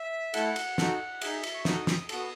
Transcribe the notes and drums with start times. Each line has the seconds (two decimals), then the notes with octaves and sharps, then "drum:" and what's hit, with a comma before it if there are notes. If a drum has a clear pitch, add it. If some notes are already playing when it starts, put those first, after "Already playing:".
Already playing: E5
0.34 A3 E4 A4 F#5, drum: cymbal
0.56 drum: cymbal
0.78 D#4 F#4 A4, drum: snare
1.21 D#4 G#4 E5, drum: cymbal
1.43 drum: cymbal
1.54 C#6
1.65 D#4 F#4 A4 D#6, drum: snare
1.87 drum: snare
2.09 B3 F#4 A4 D#6, drum: cymbal